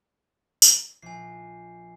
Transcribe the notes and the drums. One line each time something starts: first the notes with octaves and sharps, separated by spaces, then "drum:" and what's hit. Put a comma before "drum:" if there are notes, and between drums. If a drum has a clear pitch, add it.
drum: tambourine
A#1 G#5 C7